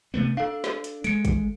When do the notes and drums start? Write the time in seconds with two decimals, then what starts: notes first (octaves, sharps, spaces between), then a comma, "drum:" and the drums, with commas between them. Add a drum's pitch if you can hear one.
0.14 C3 A3 B3
0.37 D4 A4 F5
0.64 drum: snare
0.84 drum: hi-hat
1.04 G#3 C#7 D7, drum: hi-hat
1.25 drum: kick, hi-hat